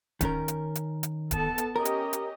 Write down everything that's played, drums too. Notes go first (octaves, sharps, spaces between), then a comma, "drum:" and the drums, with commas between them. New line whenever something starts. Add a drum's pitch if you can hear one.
D#3 C#4 A#4, drum: kick D1, hi-hat
drum: hi-hat
drum: hi-hat
drum: hi-hat
B3 A4 A5, drum: kick D1, hi-hat
drum: hi-hat
C#4 G4 A#4 D#5
drum: hi-hat
drum: hi-hat